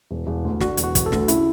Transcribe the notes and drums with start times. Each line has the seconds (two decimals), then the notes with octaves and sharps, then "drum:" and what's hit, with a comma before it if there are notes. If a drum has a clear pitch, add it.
0.11 E1
0.27 E1
0.45 D2
0.60 D3 F#4, drum: snare
0.77 E1, drum: hi-hat
0.84 F#4
0.95 E1, drum: kick, hi-hat
1.06 A4
1.12 D2, drum: snare
1.28 C#3 E4, drum: hi-hat